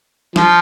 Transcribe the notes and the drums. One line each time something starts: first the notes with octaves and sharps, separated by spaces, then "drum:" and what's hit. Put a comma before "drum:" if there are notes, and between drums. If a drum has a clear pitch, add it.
F3, drum: snare